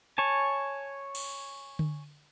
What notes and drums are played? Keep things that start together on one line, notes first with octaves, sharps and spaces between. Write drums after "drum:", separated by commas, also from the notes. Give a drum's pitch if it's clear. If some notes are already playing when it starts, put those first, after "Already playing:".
C#5 G#5 A5
drum: cymbal
drum: tom D3